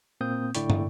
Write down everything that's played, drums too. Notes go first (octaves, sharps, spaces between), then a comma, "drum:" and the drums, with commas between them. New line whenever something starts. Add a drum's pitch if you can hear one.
A#2 A#3 C4 D#6 G6
A2 D3 E4 D5 G5 C#6, drum: hi-hat
drum: tom